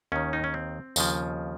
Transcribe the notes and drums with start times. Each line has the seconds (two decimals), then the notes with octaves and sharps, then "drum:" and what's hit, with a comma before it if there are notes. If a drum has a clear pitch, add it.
0.12 D#2 D#3 C#4
0.33 D#4
0.44 C#4
0.54 C4
0.96 D#2 C#3 F3, drum: tambourine